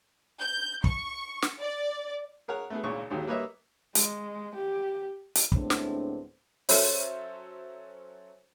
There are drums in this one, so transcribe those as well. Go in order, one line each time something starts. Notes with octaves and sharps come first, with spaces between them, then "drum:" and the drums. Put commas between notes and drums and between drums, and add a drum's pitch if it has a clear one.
G6
C#6, drum: kick
drum: snare
D5
G#4 A#4 C#5 F#5
A3 B3 G#4
G#1 C#2 A#2 C#6
G#1 D#2 D#3 F#3
G3 A#3 B4 C#5 D#5 E5
G#3, drum: hi-hat
G4
drum: hi-hat
D2 A2 G#3 B3 C4 D4, drum: kick
drum: snare
F#3 C#4 A4 C5 C#5 E5, drum: open hi-hat